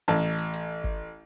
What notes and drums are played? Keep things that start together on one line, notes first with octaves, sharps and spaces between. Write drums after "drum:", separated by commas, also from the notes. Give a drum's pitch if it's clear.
A1 A5
drum: open hi-hat
drum: hi-hat
drum: hi-hat
drum: kick G1